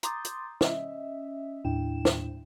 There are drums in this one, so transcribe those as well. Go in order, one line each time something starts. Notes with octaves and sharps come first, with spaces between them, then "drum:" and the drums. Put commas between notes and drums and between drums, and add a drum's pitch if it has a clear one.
A#5 C6 D6 D#6 G6 A6, drum: hi-hat
drum: hi-hat
C#4 D#5 E5, drum: snare
D#2 A2 D4 E4 G5 E7
drum: snare